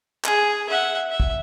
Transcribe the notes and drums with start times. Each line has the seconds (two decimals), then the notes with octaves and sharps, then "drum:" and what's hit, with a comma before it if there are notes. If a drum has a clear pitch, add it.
0.25 G#4, drum: clap
0.69 E5 F#5
1.10 E5
1.20 drum: kick